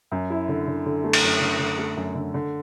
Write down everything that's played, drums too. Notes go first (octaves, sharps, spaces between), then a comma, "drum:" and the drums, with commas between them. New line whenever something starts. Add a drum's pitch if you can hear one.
F#2
E4
D3
D3
D3
A3
drum: cymbal
F#2
D3
D3
A3
F#2
D3
D3